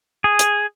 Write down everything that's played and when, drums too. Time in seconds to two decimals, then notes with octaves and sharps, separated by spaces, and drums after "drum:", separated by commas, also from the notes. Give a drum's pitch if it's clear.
0.24 G#4
0.39 drum: hi-hat